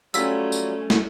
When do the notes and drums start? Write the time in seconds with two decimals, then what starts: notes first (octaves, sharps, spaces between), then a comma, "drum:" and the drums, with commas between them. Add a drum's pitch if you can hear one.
0.14 F#3 G3 A3 C#4 F4 E6 B6, drum: tambourine
0.52 drum: tambourine
0.90 drum: snare